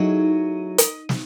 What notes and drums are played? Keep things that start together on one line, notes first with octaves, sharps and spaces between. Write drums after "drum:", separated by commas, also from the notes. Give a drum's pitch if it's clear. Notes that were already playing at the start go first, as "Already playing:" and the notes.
Already playing: F#3 A3 D#4 E4 G#4
drum: hi-hat
drum: snare